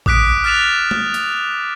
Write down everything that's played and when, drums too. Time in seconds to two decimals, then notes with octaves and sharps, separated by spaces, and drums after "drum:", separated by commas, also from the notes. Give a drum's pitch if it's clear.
0.06 D6 D#6 F#6 B6 D7, drum: kick A1
0.44 F6 F#6 A6 B6 E7 F7
0.91 drum: tom
1.14 drum: hi-hat